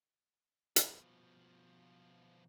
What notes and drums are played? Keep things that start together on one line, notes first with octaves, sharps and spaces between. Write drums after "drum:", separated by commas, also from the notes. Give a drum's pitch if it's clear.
B2 F3, drum: hi-hat